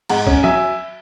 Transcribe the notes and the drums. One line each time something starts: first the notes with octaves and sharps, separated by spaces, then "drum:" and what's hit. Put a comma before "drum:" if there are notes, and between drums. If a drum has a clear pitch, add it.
G#2 F#5 A#5, drum: cymbal
C#4, drum: kick
F#3 E5 G#5